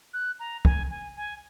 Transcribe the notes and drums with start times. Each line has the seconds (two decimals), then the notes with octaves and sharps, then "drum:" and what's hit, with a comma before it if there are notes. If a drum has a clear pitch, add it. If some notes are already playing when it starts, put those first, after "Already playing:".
0.13 F#6
0.40 A#5
0.65 G#5, drum: kick
0.90 G#5
1.16 G#5